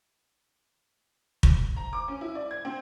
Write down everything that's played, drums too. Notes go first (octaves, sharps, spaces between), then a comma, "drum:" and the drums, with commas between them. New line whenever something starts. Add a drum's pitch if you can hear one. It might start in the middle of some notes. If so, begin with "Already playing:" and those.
drum: kick
A#5
D6
C#4
E4
D5
G#6
C4